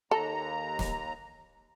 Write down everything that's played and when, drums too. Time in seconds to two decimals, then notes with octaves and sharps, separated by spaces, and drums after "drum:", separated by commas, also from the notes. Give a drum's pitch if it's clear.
0.11 D#2 A4 A#5
0.79 drum: snare